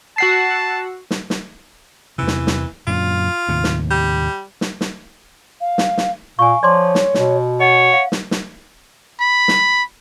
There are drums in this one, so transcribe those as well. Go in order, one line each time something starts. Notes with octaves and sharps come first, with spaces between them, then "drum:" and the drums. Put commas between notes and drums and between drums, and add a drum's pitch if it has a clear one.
F#4 F#5 A5 E6 C7
drum: snare
drum: snare
E2 C3 E3
drum: snare
drum: snare
F#2 A#2 D3 F4
D#2 A2 C3
drum: snare
G3
drum: snare
drum: snare
F5
drum: snare
drum: snare
A#2 F5 G#5 C#6
F3 C#5 D5 C6 D6
drum: snare
B2, drum: snare
C#5 D#5 F#5
F5
drum: snare
drum: snare
B5
drum: snare